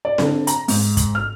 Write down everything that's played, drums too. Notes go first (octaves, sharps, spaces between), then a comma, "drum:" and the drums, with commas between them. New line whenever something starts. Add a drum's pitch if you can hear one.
D5
D3, drum: snare C4
A#5, drum: hi-hat
G#2, drum: open hi-hat
drum: kick, hi-hat
F6